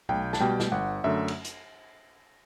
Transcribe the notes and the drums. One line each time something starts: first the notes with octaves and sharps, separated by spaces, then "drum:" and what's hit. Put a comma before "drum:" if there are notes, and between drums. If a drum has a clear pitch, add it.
B1 G5, drum: tom B2
A5, drum: snare
B2 G3 G5
drum: snare
G1 F#5
F#2 D3 A3 E5
drum: cymbal
drum: hi-hat